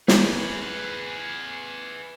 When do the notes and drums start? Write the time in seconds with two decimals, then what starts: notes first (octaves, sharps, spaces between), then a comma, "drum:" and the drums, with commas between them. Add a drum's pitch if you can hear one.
0.08 G#4 B4, drum: snare